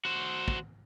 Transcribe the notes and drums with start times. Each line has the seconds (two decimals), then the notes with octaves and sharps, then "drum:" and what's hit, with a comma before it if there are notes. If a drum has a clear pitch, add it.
0.05 F#4 C5
0.48 drum: kick